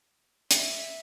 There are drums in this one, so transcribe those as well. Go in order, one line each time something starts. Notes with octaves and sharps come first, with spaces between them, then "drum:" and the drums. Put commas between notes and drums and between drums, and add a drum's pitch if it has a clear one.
E5, drum: hi-hat